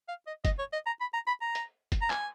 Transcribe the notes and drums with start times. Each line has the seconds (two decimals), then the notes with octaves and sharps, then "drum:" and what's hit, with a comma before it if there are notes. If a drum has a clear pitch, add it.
0.08 F5
0.27 D#5
0.45 D#5, drum: kick F#1, hi-hat
0.59 C#5
0.73 D#5
0.86 A#5
1.01 B5
1.14 A#5
1.27 B5
1.41 A#5
1.55 drum: hi-hat
1.92 drum: kick F#1, hi-hat
2.02 A#5
2.10 G#5, drum: clap